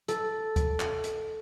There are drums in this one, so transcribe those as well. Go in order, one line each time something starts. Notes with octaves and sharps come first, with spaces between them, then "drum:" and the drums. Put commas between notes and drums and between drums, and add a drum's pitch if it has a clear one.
A4, drum: hi-hat
drum: kick C#2, hi-hat
drum: clap
drum: hi-hat